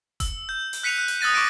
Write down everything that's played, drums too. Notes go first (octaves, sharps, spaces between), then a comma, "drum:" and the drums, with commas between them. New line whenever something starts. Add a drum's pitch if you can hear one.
E6, drum: kick E1, hi-hat
G6
drum: open hi-hat
F#6 B6 C#7 D#7 F7
F#6
drum: hi-hat
D#6 E6 F#6 A6 A#6 D#7
C#6 D6 E6 A#6 D7 D#7